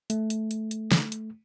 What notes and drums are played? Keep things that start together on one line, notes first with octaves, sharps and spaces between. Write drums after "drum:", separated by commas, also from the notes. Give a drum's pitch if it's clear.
A3, drum: hi-hat
drum: hi-hat
drum: hi-hat
drum: hi-hat
drum: snare
drum: hi-hat